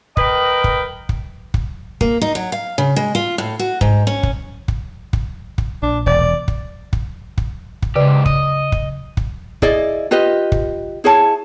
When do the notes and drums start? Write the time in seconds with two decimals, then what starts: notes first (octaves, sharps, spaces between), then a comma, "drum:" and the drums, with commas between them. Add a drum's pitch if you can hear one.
0.17 A#4 B4 D#5 G5, drum: kick
0.64 drum: kick
1.09 drum: kick
1.54 drum: kick
2.01 A#3, drum: kick
2.22 D#4
2.35 F#3
2.52 F5
2.78 C#3
2.96 G#3
3.15 F4
3.38 A2
3.59 F#4
3.81 G#2, drum: kick
4.07 C#4
4.23 drum: kick
4.68 drum: kick
5.13 drum: kick
5.58 drum: kick
5.82 A#1 D4
6.06 E1 D5
6.48 drum: kick
6.93 drum: kick
7.38 drum: kick
7.82 drum: kick
7.96 G#2 C#3 G4 B4 D5
8.26 D#5, drum: kick
8.72 drum: kick
9.17 drum: kick
9.62 E4 G#4 D5 D#5, drum: kick
10.11 F4 G4 B4 D#5
10.52 drum: kick
11.04 E4 G#4 C#5 A5